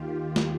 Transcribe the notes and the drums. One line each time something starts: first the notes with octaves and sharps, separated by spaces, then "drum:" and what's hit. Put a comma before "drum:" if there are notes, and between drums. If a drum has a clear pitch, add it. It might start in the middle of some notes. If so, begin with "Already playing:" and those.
Already playing: D#2 D#3 F4 G4
drum: snare